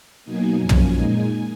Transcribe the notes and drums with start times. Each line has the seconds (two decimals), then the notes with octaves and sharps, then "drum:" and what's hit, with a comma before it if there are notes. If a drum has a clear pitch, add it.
0.24 B2 F#3 A#3 D#4 G#5
0.60 F#2 F3 A#3 C#4 G#5
0.69 drum: tom
0.96 A#2 G#3 D#4